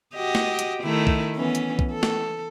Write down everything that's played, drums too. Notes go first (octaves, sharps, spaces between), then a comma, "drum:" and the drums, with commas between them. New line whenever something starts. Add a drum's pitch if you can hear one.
F#4 G4 D#5
drum: snare
drum: hi-hat
D#3 A3 E4
drum: kick
E3 B3 C#4
drum: hi-hat
drum: kick
A4
drum: snare